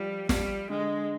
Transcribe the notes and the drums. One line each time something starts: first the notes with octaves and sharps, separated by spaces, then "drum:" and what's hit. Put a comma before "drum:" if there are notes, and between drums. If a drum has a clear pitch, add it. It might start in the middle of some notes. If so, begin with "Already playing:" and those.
Already playing: F3 G3
G3, drum: snare
D3 G#3